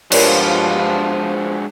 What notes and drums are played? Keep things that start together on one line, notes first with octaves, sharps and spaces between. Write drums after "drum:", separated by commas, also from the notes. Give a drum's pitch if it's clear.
G2 F3 G#3 D4 F#4 A#4 C#5 D5, drum: cymbal